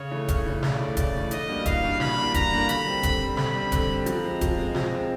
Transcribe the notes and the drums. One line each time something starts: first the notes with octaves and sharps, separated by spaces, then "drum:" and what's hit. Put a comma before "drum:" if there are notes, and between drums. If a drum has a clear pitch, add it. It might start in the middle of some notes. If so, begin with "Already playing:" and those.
Already playing: C#3 C#5
E3 A3 C#4
C#3, drum: kick D1, hi-hat
E3 A3 C#4
C#3 D5, drum: snare
E3 A3 C#4
C#3 D5, drum: kick D1, hi-hat
E3 A3 C#4
E3 D#5, drum: hi-hat
G3 A#3 D4 F#4
E3 F5, drum: kick D1, hi-hat
G3 A#3 D4 F#4
E3 B5, drum: snare
G3 A#3 D4 F#4
E3 A#5, drum: kick D1, hi-hat
G3 A#3 D4 F#4
D3 B5, drum: hi-hat
G3 C4
D3, drum: kick D1, hi-hat
G3 C4
D3 B5, drum: snare
G3 C4
D3, drum: kick D1, hi-hat
G3 C4
F3 A#5, drum: hi-hat
G#3 C4
F3, drum: kick D1, hi-hat
G#3 C4
F3, drum: snare
G#3 C4